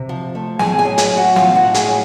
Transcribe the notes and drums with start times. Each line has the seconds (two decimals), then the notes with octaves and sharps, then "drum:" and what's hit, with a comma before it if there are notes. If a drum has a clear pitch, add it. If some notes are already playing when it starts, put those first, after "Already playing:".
Already playing: C3
0.09 F3
0.35 A3
0.59 A2 G#4 G#5, drum: snare
0.78 G#4 G#5
0.85 F#3
0.98 G#4 G#5, drum: hi-hat
1.11 A2
1.17 F#4 F#5
1.36 A2 F4 F5, drum: snare
1.55 F#4 F#5
1.62 A2
1.74 G#4 G#5, drum: hi-hat
1.88 F#3